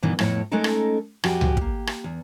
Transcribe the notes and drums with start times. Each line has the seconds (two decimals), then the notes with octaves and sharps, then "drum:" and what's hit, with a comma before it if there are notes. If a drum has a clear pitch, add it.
0.03 E2 G2 B2 D#3 E3
0.19 F2 A2 E4 C#5, drum: rim click
0.51 G#3 A3 C#4 D#4 A4 A#4
0.64 drum: rim click
1.24 F2 F#4 G4 G#5, drum: rim click
1.41 drum: tom C#2
1.57 A#3 G4, drum: kick
1.87 drum: rim click
2.04 E2